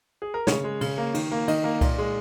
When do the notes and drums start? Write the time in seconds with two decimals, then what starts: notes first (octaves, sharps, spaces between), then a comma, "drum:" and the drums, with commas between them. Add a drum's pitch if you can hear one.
0.22 G#4
0.34 A#4
0.47 C#3 C#5, drum: snare
0.64 G#3
0.81 C#3, drum: cymbal
0.98 A#3
1.14 D#3, drum: cymbal
1.32 A#3
1.48 D#3 D#5, drum: cymbal
1.64 A#3
1.81 A#2, drum: kick C2, cymbal
1.98 G#3